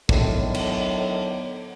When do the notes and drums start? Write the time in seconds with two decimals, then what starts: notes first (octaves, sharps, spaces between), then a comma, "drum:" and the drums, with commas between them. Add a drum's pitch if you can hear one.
0.09 A2 D3 D#3 F#3 B3, drum: kick
0.54 drum: cymbal